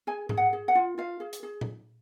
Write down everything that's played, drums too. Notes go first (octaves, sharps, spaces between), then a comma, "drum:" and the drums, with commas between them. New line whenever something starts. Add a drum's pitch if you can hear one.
G#4 G#5
G#4, drum: tom G#2
F#5
G#4
F#5
F4
F4 F5
G#4
drum: hi-hat
G#4
drum: tom A#2